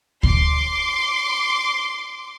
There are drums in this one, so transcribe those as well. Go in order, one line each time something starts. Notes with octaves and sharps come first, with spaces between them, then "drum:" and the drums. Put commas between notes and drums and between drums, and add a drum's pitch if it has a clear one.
C6 D6, drum: kick D2